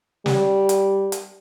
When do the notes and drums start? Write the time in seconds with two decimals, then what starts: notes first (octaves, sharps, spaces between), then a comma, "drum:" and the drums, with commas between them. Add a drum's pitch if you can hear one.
0.26 G3, drum: snare
0.69 drum: hi-hat
1.12 drum: hi-hat